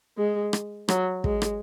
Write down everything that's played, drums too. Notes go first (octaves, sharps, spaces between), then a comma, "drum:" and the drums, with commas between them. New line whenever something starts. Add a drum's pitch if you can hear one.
G#3
drum: rim click
F#3, drum: rim click
G#3, drum: kick
drum: rim click